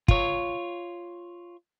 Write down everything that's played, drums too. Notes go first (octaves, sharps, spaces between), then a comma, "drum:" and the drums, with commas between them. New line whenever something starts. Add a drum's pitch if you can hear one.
F4 C#5, drum: kick